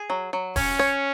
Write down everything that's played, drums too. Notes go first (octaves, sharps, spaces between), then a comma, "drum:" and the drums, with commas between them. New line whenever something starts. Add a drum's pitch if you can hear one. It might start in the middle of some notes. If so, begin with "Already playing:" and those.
Already playing: G#4
F#3
F#3
C#4 C#5, drum: kick E1, open hi-hat
C#5